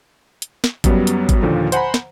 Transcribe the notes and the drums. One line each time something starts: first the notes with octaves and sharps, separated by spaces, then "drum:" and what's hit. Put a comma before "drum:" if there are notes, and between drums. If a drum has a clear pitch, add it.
drum: hi-hat
drum: snare
F#2 F#3 G3 B3, drum: kick G#1, hi-hat
drum: hi-hat
drum: kick G#1, hi-hat
D#2 A#2 D3 F3
C5 F#5 G#5 A#5 B5, drum: hi-hat
drum: snare